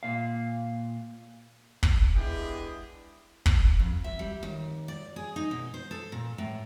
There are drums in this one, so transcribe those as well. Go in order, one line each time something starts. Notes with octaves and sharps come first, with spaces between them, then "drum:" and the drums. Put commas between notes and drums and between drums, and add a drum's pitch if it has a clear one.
A#2 F5
drum: kick
G#3 B3 D4 E4 G4 G#4
drum: kick
F2
E5
G3
D#2
D5
G#4
D#4
B2
C5
A4
A#2
A2